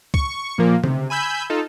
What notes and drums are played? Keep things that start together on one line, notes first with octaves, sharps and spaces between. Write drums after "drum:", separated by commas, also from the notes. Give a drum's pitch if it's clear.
C#6, drum: kick
A#2 F3 A#3
C3, drum: tom C#3
G#5 B5 E6 G6
D#4 F4 A4